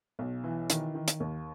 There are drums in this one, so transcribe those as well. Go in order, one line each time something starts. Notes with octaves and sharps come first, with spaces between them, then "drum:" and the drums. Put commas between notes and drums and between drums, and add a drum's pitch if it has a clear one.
B1
E3
D#3, drum: hi-hat
D#3
drum: hi-hat
D#2